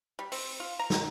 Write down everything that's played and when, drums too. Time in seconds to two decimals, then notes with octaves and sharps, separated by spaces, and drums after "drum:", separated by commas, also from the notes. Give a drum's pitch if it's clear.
0.19 G3
0.32 C4, drum: open hi-hat
0.60 F4
0.79 A#5
0.90 drum: snare